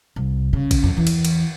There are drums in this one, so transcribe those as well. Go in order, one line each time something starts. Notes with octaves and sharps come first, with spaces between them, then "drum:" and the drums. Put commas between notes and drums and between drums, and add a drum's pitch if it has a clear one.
C2
C#3
drum: kick A1, cymbal
F2
E2 E3
drum: cymbal
drum: cymbal